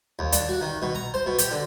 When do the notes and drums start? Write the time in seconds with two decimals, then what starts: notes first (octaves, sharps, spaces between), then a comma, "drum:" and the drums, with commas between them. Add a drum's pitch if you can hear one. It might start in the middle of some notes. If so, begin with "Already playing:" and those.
0.19 D#2
0.32 D4, drum: hi-hat
0.49 F#4
0.61 D#3
0.82 B2
0.95 A#5
1.14 C5
1.26 B2
1.39 G4, drum: hi-hat
1.51 D3